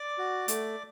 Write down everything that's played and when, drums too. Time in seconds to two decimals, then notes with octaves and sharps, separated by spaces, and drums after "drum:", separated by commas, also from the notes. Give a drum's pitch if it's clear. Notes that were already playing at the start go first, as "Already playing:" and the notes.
Already playing: D5 D6
0.18 F#4
0.48 A3, drum: hi-hat